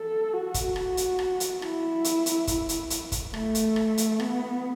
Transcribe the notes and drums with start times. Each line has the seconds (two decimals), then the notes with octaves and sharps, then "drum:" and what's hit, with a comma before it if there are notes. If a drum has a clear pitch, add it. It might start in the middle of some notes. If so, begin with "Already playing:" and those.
Already playing: A4
0.33 F#4
0.54 drum: kick, hi-hat
0.76 drum: rim click
0.97 drum: hi-hat
1.19 drum: rim click
1.40 drum: hi-hat
1.62 E4, drum: rim click
2.04 drum: hi-hat
2.26 drum: hi-hat
2.47 drum: kick, hi-hat
2.69 drum: hi-hat
2.90 drum: hi-hat
3.12 drum: kick, hi-hat
3.34 A3, drum: rim click
3.55 drum: hi-hat
3.76 drum: rim click
3.98 drum: hi-hat
4.20 B3, drum: rim click